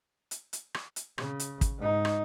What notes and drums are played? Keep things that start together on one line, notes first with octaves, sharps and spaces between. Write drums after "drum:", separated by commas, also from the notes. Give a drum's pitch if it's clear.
drum: hi-hat
drum: hi-hat
drum: rim click
drum: hi-hat
C#3, drum: rim click
drum: hi-hat
drum: kick, hi-hat
G#2 D#4
drum: rim click